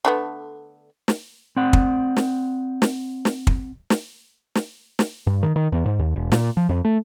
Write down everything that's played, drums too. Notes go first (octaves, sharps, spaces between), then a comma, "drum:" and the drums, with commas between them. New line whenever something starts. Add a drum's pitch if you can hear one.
D3 A3 B3
drum: snare
C4 D5 F#5
drum: kick
drum: snare
drum: snare
drum: snare
drum: kick
drum: snare
drum: snare
drum: snare
G2
D#3
D#3
E2
G#2
D#2
E1
A#2, drum: snare
F3
F2
A3